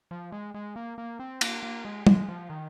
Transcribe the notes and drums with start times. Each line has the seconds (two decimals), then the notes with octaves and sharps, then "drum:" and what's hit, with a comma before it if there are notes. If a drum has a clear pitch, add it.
0.11 F3
0.32 G#3
0.54 G#3
0.76 A#3
0.98 A#3
1.19 C4
1.41 A#3, drum: cymbal
1.63 A#3
1.85 G#3
2.07 G#3, drum: tom
2.28 F3
2.50 D#3